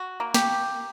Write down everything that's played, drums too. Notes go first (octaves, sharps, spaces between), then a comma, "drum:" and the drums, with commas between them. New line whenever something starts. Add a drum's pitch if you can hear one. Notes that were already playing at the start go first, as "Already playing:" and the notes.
Already playing: F#4
A#3
G4, drum: snare